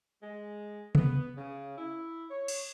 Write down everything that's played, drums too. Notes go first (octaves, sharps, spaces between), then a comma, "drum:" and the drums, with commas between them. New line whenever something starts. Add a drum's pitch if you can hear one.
G#3
B3, drum: tom C3
C#3
E4
C#5
drum: cymbal